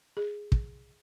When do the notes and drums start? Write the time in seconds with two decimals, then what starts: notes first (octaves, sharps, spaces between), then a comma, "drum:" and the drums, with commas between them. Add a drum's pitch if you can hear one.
0.17 G#4
0.52 drum: kick